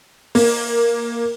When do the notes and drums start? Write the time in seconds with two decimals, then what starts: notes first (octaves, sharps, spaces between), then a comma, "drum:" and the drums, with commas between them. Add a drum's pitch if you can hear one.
0.35 A#3, drum: open hi-hat